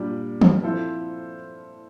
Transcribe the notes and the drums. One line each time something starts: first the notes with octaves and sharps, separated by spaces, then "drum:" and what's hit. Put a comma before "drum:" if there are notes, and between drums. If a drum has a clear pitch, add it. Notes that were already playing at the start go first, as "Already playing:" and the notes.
Already playing: A#2 G3 D4
drum: tom
F3 C4 E4 A4 C5